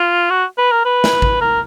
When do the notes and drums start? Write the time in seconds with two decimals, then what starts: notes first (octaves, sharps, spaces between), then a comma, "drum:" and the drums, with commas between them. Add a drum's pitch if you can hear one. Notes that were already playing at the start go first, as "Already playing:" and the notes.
Already playing: F4
0.30 F#4
0.58 B4
0.72 A#4
0.85 B4
1.04 drum: snare
1.22 drum: kick A1
1.41 A#4